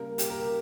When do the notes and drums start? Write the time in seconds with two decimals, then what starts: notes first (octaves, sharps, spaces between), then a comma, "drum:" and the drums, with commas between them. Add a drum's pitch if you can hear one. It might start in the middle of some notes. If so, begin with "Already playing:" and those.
Already playing: C#3 G3 A#3 A#4
0.18 G4, drum: hi-hat
0.30 A#4
0.41 G4